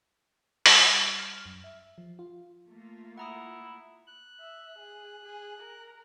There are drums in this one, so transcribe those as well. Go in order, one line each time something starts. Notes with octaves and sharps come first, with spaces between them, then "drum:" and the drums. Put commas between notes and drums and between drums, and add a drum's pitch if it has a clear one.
G3, drum: open hi-hat
F6
F#2
E5
F3
F4
A3 A#3 F4
E4 F#5 A#5 D#6
F#6
E5
G#4
G#4
A#4